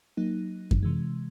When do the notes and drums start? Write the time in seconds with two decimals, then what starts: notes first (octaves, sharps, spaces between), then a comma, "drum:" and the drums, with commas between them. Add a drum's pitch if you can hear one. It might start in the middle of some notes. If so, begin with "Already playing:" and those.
0.17 F#3 A#3 D#4
0.71 drum: kick F#2
0.83 C3 E3 G#3